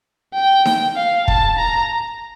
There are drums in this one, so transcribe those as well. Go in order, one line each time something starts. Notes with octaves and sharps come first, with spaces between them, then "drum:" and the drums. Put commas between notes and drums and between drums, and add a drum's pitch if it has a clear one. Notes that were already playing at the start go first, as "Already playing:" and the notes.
G5
drum: snare D#4
F5
A5, drum: kick
A#5